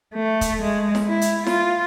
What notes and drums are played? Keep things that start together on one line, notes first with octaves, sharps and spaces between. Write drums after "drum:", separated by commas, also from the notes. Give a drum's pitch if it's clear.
A3
drum: kick, hi-hat
G#3
drum: snare E4
E4
drum: hi-hat
F4, drum: snare E4